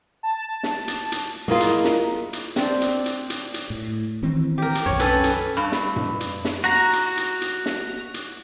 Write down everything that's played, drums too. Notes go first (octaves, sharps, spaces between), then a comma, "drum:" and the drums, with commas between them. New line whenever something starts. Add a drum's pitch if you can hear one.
A5
drum: snare
drum: hi-hat
drum: hi-hat
A#3 E4 F4 G#4 A#4 D#5
drum: hi-hat
drum: snare
drum: hi-hat
C4 D4, drum: snare
drum: hi-hat
drum: hi-hat
drum: hi-hat
drum: hi-hat
A2
D#3 E3 C4
G4 A#4
drum: hi-hat
B1 F#2 C#5
C#4 A4 B4, drum: hi-hat
drum: hi-hat
G2
drum: snare
drum: tom F#2
drum: hi-hat
drum: snare
F#4 A#5
drum: hi-hat
drum: hi-hat
drum: hi-hat
drum: snare
drum: hi-hat